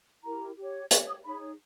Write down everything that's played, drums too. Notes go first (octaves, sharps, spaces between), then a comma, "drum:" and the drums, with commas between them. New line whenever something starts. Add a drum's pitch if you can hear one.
E4 G4 A#4 A#5
G4 C#5
G4 C#5 C#6, drum: hi-hat
D#6
D#4 G#4 C#5 B5